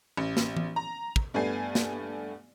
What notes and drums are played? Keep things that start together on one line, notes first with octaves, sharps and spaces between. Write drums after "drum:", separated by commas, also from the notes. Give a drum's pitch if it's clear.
A1
drum: snare
drum: tom E3
A#5
drum: kick
G2 A3 B3 G#5 C7
drum: snare